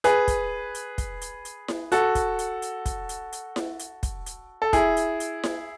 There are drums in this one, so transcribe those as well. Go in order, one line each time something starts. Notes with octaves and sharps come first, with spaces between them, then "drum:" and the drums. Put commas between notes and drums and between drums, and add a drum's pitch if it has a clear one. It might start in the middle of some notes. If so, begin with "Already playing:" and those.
G#4 B4, drum: hi-hat
drum: kick, hi-hat
drum: hi-hat
drum: kick, hi-hat
drum: hi-hat
drum: hi-hat
drum: snare E4
F#4 A4, drum: hi-hat
drum: kick, hi-hat
drum: hi-hat
drum: hi-hat
drum: kick, hi-hat
drum: hi-hat
drum: hi-hat
drum: snare E4
drum: hi-hat
drum: kick, hi-hat
drum: hi-hat
A4
E4 G#4, drum: kick, hi-hat
drum: hi-hat
drum: hi-hat
drum: snare E4